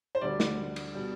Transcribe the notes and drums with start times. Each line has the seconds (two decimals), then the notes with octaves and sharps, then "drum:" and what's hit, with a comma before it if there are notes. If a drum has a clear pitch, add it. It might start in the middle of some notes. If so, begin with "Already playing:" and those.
0.15 C5
0.21 D2 D3 G3 D5
0.40 drum: snare
0.76 drum: cymbal
0.95 B2 G3